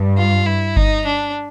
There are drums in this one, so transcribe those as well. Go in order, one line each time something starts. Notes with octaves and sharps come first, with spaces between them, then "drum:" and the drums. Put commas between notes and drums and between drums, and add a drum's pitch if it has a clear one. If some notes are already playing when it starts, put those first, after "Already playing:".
Already playing: G2
F4
E4
D#4, drum: kick G1
D4